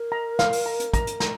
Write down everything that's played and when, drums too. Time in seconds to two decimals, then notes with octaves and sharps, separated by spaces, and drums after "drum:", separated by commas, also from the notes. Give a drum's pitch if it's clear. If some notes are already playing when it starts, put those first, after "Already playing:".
Already playing: A#4
0.12 A#5
0.39 F5, drum: snare
0.53 drum: open hi-hat
0.66 A#5
0.80 drum: hi-hat
0.94 A#5, drum: kick, hi-hat
1.07 drum: hi-hat
1.20 A#5, drum: snare